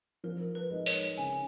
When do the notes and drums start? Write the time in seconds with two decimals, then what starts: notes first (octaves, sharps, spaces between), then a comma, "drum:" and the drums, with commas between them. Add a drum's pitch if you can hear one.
0.24 F3 A#4
0.55 B4
0.71 G#3 D#4 A#4
0.86 C#5, drum: open hi-hat
1.18 C#3 G#5